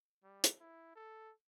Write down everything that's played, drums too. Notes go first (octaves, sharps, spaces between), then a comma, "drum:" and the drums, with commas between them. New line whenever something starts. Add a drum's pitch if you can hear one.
G3
drum: hi-hat
E4
A4